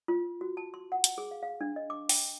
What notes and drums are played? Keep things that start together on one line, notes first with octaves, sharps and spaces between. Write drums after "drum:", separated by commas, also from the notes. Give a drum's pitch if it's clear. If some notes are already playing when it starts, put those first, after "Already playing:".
F4
F#4
A5
C6
F#5
drum: hi-hat
G#4
F5
F5
D4
D#5
D6
G5, drum: open hi-hat